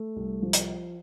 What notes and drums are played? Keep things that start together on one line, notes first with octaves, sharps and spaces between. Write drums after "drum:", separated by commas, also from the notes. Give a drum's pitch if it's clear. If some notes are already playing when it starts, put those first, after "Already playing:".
Already playing: A3
C2
F3
drum: hi-hat